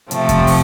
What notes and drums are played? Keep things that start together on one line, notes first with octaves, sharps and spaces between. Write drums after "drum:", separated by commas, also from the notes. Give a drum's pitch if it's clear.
C3 F3 A3 C4, drum: hi-hat
drum: kick F2, hi-hat
drum: open hi-hat